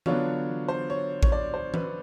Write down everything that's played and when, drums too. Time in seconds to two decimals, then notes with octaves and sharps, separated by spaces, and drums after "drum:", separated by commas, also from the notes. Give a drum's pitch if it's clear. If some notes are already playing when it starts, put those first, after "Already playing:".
0.06 D3 F#3 B3 D4 F4 C#5, drum: tom E3
0.68 C5
0.90 C#5
1.23 C#5, drum: kick A1
1.32 D5
1.54 C5
1.74 B4, drum: tom E3